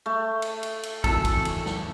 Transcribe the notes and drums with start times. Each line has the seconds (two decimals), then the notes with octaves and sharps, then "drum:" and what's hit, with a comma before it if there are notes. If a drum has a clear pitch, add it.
0.06 A3
0.42 drum: cymbal
0.63 drum: cymbal
0.83 drum: cymbal
1.04 G#1 E2 A4, drum: kick, cymbal
1.25 drum: kick, cymbal
1.45 drum: cymbal
1.66 drum: snare